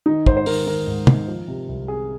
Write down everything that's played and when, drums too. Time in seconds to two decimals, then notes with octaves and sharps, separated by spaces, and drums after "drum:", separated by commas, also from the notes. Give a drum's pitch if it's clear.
0.06 D#3 D#4
0.26 G#2 C5, drum: kick
0.37 C5
0.46 D#3 A#4, drum: open hi-hat
0.67 D#3 A#4
0.87 G#2
1.07 D#3, drum: tom
1.28 F3
1.48 C3
1.68 C2
1.88 C3 G#4